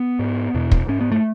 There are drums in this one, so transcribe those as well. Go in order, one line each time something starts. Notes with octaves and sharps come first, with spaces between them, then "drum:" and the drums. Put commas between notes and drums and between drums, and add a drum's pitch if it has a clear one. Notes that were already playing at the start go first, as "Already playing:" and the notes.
Already playing: B3
G#2
E2 B2
drum: kick
G#2 C#4
B3
A3